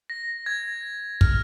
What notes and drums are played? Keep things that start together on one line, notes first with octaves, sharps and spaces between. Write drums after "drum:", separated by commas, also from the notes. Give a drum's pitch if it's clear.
A#6
G#6
F6, drum: kick